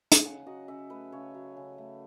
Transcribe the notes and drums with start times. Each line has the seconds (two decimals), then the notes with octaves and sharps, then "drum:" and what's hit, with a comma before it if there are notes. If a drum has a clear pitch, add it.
0.12 drum: hi-hat
0.25 C#3 F#5
0.46 F#3 D#5
0.68 C#3 E5
0.90 A3 B4
1.12 C#3 C#5
1.34 F#3
1.57 C#3
1.78 A3